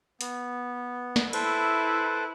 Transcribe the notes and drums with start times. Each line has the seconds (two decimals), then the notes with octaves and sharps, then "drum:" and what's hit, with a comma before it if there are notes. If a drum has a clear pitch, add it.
0.21 B3, drum: hi-hat
1.16 drum: snare
1.33 E4 A4 B4 C5, drum: cymbal